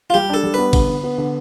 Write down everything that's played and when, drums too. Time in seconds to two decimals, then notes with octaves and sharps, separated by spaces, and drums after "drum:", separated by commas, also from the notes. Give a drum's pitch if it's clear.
0.10 F4
0.14 G3 G4
0.29 D4 A4
0.44 G3
0.54 B3 B4
0.73 D3, drum: kick, cymbal
0.88 D3
1.03 B3
1.18 D3